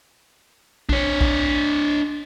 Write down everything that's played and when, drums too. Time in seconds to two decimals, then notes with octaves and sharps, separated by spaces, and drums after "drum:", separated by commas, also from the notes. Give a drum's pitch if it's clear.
0.89 D4 C#5, drum: kick A#1
1.21 drum: kick A#1